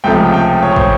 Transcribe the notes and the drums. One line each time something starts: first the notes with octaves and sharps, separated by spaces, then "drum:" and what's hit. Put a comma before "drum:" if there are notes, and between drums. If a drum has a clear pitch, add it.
C#2 C3 F3 A3 G5
G5
C#5
C5, drum: kick